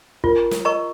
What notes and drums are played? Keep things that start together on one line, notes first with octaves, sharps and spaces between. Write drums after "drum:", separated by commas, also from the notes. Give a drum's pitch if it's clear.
F4 A#4, drum: kick
drum: snare
A#4 D#5 A#5 C#6